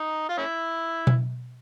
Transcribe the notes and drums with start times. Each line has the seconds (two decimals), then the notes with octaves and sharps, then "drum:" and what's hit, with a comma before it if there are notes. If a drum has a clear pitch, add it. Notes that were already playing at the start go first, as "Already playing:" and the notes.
Already playing: D#4
0.29 F4
0.38 C#4 E4
1.07 drum: tom B2